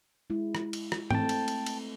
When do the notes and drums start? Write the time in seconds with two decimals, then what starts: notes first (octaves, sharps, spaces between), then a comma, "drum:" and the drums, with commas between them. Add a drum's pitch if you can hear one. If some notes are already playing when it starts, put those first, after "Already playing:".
0.30 G#3 E4
0.55 drum: rim click
0.73 drum: cymbal
0.92 drum: rim click
1.11 A3 C4 G5 A5, drum: tom
1.29 drum: cymbal
1.48 drum: cymbal
1.66 drum: cymbal